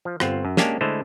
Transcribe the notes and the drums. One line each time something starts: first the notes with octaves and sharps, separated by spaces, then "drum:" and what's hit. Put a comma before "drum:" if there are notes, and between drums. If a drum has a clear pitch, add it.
F3
G1 C4 F4 F#5, drum: rim click
F#2
G#3 A#3 C#4 D4 G4, drum: snare
D3 G#3 A3 E4 C5